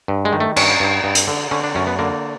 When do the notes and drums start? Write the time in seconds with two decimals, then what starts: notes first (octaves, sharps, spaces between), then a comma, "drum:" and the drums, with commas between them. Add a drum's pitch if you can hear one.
0.08 G2
0.25 G#3
0.33 D#3
0.40 A3
0.56 G2 C#4, drum: cymbal
0.80 G2
1.04 G2
1.15 drum: hi-hat
1.28 D3
1.51 D3 C#4
1.64 D4
1.75 F#2 C#4
1.87 B3
1.99 D3 A#3